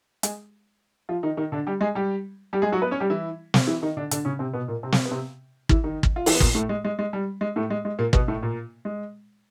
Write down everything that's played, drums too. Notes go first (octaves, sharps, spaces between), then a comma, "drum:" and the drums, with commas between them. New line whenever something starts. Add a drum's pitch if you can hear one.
G#3 G#4, drum: hi-hat
F3 F4
D#3 D#4
D#3 D#4
D3 D4
G3 G4
G#3 G#4
G3 G4
G3 G4
G#3 G#4
F#3 F#4
B3 B4
C#4 C#5
G3 G4
E3 E4
drum: snare
E3 E4
D#3 D#4
D3 D4
D3 D4, drum: hi-hat
C#3 C#4
C3 C4
B2 B3
A#2 A#3
C3 C4
drum: snare
B3
C3 C4
E3 E4, drum: kick
D#3 D#4
drum: kick
F4
E3 E4, drum: open hi-hat
B3
A#2 A#3, drum: kick
A2 A3
G#3
G#3
G#3
G3
G#3
A2 A3
G#3
G#3
A#2 A#3
B2 B3, drum: kick
A2 A3
A#2 A#3
G#3